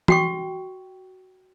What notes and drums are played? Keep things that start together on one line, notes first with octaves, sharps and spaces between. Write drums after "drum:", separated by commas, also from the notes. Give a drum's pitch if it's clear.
F#4 G5 C#6, drum: tom